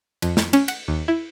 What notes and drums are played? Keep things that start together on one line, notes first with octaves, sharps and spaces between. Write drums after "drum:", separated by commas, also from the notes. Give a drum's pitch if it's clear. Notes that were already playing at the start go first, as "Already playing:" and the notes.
F2, drum: cymbal
drum: snare
C#4, drum: cymbal
F#5, drum: cymbal
D#2
E4